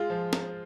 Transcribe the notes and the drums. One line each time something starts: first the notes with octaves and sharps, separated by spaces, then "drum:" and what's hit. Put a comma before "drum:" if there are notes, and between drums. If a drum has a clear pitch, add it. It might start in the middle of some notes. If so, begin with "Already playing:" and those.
Already playing: G#3 F4
F3
drum: snare